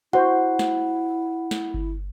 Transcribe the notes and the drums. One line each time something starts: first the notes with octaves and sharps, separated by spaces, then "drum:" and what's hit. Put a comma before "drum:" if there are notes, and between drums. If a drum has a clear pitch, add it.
E4 F#4 C5 F#5
drum: snare
drum: snare
drum: kick G1